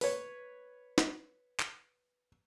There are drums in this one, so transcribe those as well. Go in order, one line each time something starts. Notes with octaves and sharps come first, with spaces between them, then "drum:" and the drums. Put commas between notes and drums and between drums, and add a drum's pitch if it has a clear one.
B4 C#5, drum: open hi-hat
drum: snare
drum: clap